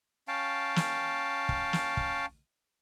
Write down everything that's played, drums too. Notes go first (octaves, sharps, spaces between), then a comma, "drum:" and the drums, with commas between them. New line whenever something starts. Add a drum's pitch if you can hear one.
C#4 F5 G5 A5
drum: snare
drum: kick
drum: snare
drum: kick